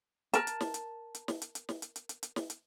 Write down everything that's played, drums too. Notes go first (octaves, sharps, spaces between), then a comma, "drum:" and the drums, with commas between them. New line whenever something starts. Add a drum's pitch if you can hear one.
A#4 A5, drum: hi-hat
drum: hi-hat
drum: snare
drum: hi-hat
drum: hi-hat
drum: snare
drum: hi-hat
drum: hi-hat
drum: snare
drum: hi-hat
drum: hi-hat
drum: hi-hat
drum: hi-hat
drum: snare
drum: hi-hat